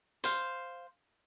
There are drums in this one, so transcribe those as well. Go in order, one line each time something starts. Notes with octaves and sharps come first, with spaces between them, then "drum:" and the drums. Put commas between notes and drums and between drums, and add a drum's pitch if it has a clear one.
C5 F5, drum: hi-hat